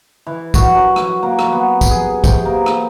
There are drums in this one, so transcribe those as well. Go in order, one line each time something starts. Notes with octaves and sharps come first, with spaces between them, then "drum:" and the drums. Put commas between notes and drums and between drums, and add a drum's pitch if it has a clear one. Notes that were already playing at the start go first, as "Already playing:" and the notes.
E3
F#4, drum: kick, tambourine
F#2
drum: rim click
A#3
drum: rim click
B3
drum: kick, tambourine
G#4
C3, drum: kick, tambourine
A#3
drum: rim click